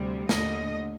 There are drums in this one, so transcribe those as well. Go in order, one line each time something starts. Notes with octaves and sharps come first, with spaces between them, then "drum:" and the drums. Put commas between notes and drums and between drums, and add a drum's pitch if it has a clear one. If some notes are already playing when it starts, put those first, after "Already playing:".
Already playing: D2 C3 G3
D#2 D3 A3 D#5, drum: snare